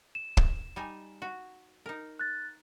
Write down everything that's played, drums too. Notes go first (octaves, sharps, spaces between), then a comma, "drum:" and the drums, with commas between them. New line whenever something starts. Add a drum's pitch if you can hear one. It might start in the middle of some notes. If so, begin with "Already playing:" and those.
E7
drum: kick
G3 D#4 G#5
F#4
D#4 A#4
F#6 A6